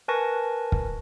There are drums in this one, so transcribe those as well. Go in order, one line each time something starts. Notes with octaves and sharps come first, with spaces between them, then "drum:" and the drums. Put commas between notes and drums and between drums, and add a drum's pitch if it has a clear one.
A#4 B4 G#5 A5 C#6 A#6
drum: kick